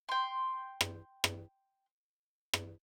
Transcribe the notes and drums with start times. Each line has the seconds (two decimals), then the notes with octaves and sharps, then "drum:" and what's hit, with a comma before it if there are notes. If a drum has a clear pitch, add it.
0.09 G5 C6
0.81 drum: rim click
1.24 drum: rim click
2.54 drum: rim click